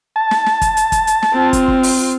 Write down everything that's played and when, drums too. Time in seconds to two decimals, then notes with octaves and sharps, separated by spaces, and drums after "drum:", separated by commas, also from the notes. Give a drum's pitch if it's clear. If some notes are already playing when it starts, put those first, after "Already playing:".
0.16 A5
0.31 drum: snare
0.46 drum: snare
0.62 drum: kick, hi-hat
0.77 drum: hi-hat
0.92 drum: kick, hi-hat
1.07 drum: hi-hat
1.22 drum: snare
1.33 C4 F4
1.53 drum: kick, hi-hat
1.68 drum: kick
1.83 drum: open hi-hat